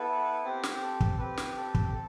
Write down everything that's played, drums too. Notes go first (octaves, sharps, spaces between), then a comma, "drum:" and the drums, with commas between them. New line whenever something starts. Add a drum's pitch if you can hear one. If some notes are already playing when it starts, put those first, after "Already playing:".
Already playing: B3 E4 A4 B4
C4 G4 C5
drum: snare
A4
drum: kick
C4 G4 B4
drum: snare
A4
drum: kick
A4